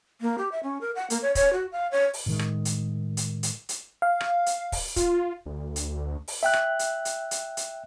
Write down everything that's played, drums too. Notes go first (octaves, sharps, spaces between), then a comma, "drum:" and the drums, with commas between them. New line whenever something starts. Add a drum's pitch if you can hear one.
A#3
G4
E5
C#4
A#4
F#5
A#3, drum: hi-hat
C#5
C#5, drum: kick, hi-hat
F#4
F5
C#5
drum: open hi-hat
A2 D#3 G#3
drum: rim click
drum: hi-hat
drum: hi-hat
drum: hi-hat
drum: hi-hat
F5
drum: rim click
drum: hi-hat
drum: kick, open hi-hat
F4, drum: kick, hi-hat
D2
drum: hi-hat
drum: open hi-hat
E5 G5 F#6
drum: rim click
drum: hi-hat
drum: hi-hat
drum: hi-hat
drum: hi-hat